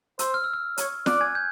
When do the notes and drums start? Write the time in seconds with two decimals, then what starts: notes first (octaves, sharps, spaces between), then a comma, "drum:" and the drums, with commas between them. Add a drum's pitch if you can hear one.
0.19 C5 E6, drum: hi-hat
0.34 F6
0.44 E6
0.54 F6
0.78 C#5, drum: hi-hat
1.06 D5 F#6, drum: snare
1.21 G#5 G#6
1.35 G6